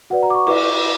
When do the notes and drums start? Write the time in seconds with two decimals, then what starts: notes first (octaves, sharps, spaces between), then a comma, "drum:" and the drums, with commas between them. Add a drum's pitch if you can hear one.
0.10 F#4 B4 D5 F#5
0.23 A#5
0.30 D6
0.34 C#6
0.47 E4 B4 D5 D6, drum: cymbal